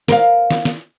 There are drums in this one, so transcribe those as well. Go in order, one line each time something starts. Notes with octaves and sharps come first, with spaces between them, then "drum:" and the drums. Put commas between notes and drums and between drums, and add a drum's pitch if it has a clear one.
A#4 C5 F5, drum: snare
drum: snare
drum: snare